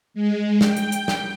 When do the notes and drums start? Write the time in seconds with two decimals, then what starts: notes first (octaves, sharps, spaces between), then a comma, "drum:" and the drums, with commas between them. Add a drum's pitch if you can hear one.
0.14 G#3
0.61 G5, drum: snare
0.77 drum: hi-hat
0.92 drum: hi-hat
1.08 drum: snare